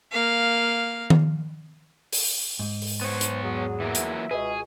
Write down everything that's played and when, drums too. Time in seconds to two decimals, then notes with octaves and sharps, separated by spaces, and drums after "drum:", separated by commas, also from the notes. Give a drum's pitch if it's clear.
0.12 A#3 F5
1.10 drum: tom D#3
2.13 drum: open hi-hat
2.59 G#2
2.82 drum: open hi-hat
3.01 B3 C5 C#5
3.21 drum: hi-hat
3.44 E2 F#3 G#4
3.80 E3 F#3 A#3 E5
3.95 drum: hi-hat
4.31 C#2 B2 G#4 B4 D#5